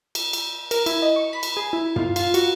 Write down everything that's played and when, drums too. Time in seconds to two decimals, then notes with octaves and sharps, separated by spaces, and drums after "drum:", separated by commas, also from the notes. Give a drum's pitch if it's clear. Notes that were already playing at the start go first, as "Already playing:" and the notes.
0.15 drum: cymbal
0.33 drum: cymbal
0.71 A#4, drum: cymbal
0.86 E4, drum: cymbal
1.02 D#5
1.16 C#6
1.33 B5
1.43 drum: cymbal
1.57 G#4
1.73 E4
1.96 F4, drum: tom
2.16 F4, drum: cymbal
2.34 F#4, drum: cymbal